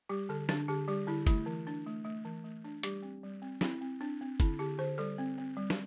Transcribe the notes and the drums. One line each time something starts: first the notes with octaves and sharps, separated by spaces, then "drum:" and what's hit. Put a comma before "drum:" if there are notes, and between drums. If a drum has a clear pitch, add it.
G3 G4
D3 A4
D3 D4, drum: snare
D3 G4
G3 G4
D3 E4
A3 E4, drum: kick F#1, hi-hat
E3
D4
A3
A3
E3
A3
D4
G3 G4, drum: hi-hat
C4
G3
C4
C4 E4, drum: snare
C4
C4 D4
C4
D3 E4, drum: kick F#1, hi-hat
D3 G4
D3 C5
G3 A4
C4
C4
G3
drum: snare